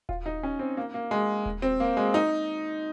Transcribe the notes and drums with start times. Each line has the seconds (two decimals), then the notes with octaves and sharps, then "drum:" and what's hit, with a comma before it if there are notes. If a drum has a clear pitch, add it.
0.09 F4, drum: kick D#1
0.26 D#4
0.43 C#4
0.59 C4
0.77 A#3
0.94 A#3
1.11 G#3
1.46 drum: kick D#1
1.62 C4
1.80 A#3
1.97 G#3
2.14 D#4